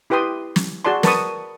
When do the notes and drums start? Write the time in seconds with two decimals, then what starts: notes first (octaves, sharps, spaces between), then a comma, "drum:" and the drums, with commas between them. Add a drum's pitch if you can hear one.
0.10 E4 G4 B4 G5 C6 D#6
0.56 drum: snare
0.85 F#4 G#4 D5 A5 C6
1.03 A#4 B4 A5 B5 C#6 D#6, drum: snare